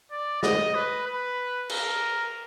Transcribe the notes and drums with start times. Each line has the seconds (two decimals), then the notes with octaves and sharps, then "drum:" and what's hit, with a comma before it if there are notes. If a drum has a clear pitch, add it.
0.11 D5
0.43 D#5, drum: snare
0.75 B4
1.06 B4
1.69 A#4, drum: cymbal